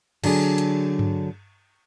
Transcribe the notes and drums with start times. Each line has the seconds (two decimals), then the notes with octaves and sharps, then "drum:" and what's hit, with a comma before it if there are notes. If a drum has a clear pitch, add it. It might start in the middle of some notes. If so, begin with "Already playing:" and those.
0.24 D3 F#3 D4 G#4, drum: cymbal
0.58 drum: hi-hat
0.99 drum: tom G2